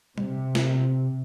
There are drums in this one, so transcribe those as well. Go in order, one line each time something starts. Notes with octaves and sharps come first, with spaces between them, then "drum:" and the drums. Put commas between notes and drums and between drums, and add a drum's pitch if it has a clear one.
C3, drum: tom G3
drum: snare